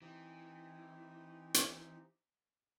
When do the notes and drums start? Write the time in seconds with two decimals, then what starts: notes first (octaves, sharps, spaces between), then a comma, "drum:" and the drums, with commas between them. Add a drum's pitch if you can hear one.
0.02 E3 C4 D#4 G4
1.54 drum: hi-hat